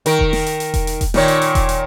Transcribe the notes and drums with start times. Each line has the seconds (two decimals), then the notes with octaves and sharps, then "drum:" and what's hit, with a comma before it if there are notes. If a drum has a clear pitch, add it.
0.06 D#3 A#4, drum: hi-hat
0.19 drum: kick E1
0.33 drum: snare
0.46 drum: hi-hat
0.60 drum: hi-hat
0.74 drum: kick E1, hi-hat
0.87 drum: hi-hat
1.01 drum: kick E1, hi-hat
1.14 A#2 D#3 C#5, drum: snare
1.28 drum: hi-hat
1.41 drum: hi-hat
1.55 drum: kick E1, hi-hat
1.69 drum: hi-hat